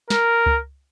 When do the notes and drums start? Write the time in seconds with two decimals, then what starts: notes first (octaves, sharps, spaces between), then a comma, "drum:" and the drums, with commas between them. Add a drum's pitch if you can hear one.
0.10 A#4, drum: snare
0.46 drum: kick C#2